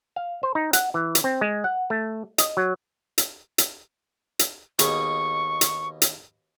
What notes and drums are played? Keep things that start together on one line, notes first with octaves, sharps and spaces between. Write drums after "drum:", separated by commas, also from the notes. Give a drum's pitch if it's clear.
F5
C5
D#4
F#5, drum: hi-hat
E3
drum: hi-hat
C4
G#3
F#5
A3
D#5, drum: hi-hat
F#3
drum: hi-hat
drum: hi-hat
drum: hi-hat
D#2 B2 G#4 C#6, drum: hi-hat
drum: hi-hat
drum: hi-hat